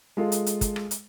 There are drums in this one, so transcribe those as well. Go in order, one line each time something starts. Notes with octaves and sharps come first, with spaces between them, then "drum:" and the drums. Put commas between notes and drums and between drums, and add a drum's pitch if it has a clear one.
G#3 F4 A4
drum: hi-hat
drum: hi-hat
drum: kick, hi-hat
drum: rim click
drum: hi-hat